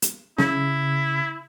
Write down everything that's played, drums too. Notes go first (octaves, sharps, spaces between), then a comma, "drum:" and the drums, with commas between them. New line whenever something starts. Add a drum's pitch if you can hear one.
drum: hi-hat
C#3 E4, drum: snare